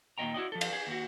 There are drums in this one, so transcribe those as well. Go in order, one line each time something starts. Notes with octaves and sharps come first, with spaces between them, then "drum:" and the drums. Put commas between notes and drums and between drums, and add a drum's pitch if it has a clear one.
D#2 A#2 A3 D#5 G5 A#5
E4 F#4 D5 D#5
F3 A4
drum: cymbal
G#4
D#2 F#4